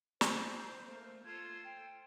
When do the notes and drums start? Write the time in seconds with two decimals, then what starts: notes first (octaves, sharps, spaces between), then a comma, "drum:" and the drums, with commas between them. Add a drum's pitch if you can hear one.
0.21 C5, drum: snare
0.85 A3 A#3
1.24 F4 A4 C5 G#6
1.64 G5